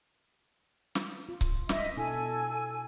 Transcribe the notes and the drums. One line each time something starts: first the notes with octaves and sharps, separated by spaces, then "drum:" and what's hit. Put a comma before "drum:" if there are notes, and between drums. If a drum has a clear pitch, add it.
drum: snare
F4
drum: kick C#1
D#5 E5, drum: snare
B2 D4 E4 A4 G#5